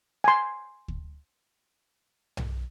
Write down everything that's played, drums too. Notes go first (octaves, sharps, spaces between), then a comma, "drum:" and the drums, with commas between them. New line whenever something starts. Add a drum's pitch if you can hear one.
G#5 C6
drum: kick D2
drum: tom B1